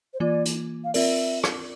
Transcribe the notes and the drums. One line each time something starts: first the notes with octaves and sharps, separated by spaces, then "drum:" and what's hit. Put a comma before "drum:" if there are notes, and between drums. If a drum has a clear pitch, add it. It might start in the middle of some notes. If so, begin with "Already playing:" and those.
C5
E3 A#3 F4 D5
drum: hi-hat
F5
C4 F4 A#4 D5 E5, drum: open hi-hat
drum: rim click